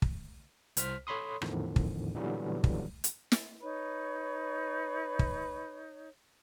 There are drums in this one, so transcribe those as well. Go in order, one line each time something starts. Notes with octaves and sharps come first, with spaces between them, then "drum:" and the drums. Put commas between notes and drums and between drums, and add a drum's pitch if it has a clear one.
drum: kick
C2 C5 F6 B6, drum: hi-hat
A4 C#5 B5 C6 D#6
E2 A2 D3 D#3 F3, drum: rim click
drum: kick
A#2 D3 E3 F#3 G3 B3
drum: kick
drum: hi-hat
drum: snare
D#4 B4 C#5
drum: kick